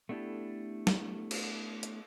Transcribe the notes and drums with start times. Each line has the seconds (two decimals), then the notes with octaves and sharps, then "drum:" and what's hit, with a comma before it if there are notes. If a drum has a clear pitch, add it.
0.09 A3 B3 D4 E4 G4 A4
0.87 drum: snare
1.31 drum: cymbal
1.83 drum: hi-hat